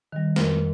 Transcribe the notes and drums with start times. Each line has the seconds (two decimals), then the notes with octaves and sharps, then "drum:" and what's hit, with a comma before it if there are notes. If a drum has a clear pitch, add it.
0.12 D#3 G3
0.36 F2 A#4, drum: snare